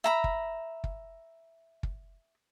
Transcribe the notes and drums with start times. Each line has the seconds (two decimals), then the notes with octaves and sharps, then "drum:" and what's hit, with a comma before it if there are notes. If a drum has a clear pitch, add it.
0.04 E5 A#5 B5
0.24 drum: kick
0.84 drum: kick
1.83 drum: kick